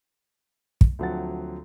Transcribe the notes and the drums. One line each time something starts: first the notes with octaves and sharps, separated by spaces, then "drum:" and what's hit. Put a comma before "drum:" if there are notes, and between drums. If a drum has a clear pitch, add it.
drum: kick
D2 F3 F#3 C4 F#5 A6